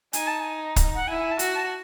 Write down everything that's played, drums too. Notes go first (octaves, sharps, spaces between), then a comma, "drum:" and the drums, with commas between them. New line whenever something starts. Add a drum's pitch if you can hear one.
D#4 G#5, drum: hi-hat
A5
G#5
drum: kick, hi-hat
F#5
E4 G#5
G#5
A5
F#4, drum: hi-hat
A5